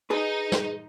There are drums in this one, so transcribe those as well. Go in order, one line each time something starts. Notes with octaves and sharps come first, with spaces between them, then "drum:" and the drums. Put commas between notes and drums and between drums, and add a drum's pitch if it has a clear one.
D#4 G#4 B4
drum: snare